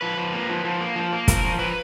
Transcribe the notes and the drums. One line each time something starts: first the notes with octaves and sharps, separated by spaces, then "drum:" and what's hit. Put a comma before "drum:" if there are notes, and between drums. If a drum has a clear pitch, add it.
F3 B4
F3
A#3
F3
F3
A#3
F3
A#3
F3 A#4, drum: kick, hi-hat
F3
F3 B4